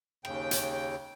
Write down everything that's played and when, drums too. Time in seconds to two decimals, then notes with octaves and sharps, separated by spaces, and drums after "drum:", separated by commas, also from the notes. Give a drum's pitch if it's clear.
0.25 D#2 C#3 G5, drum: rim click
0.51 drum: hi-hat